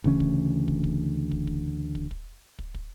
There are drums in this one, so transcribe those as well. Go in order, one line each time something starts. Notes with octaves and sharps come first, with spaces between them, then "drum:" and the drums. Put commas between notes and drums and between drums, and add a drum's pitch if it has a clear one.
D2 C#3 E3 C#4, drum: kick
drum: kick
drum: kick
drum: kick
drum: kick
drum: kick
drum: kick
drum: kick
drum: kick
drum: kick